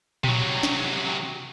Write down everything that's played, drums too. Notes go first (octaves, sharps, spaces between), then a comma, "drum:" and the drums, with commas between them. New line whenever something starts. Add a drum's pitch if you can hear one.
C3 F#3, drum: tom A#2
drum: snare